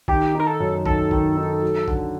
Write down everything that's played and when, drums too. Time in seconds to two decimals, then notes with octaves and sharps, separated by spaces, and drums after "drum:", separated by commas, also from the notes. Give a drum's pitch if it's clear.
0.08 D#3 G4, drum: kick
0.35 D#4 A#4
0.47 A4
0.60 F#2
0.86 D#3 A4, drum: kick
1.11 D#3, drum: kick
1.37 D#4
1.62 F#3
1.88 D3, drum: kick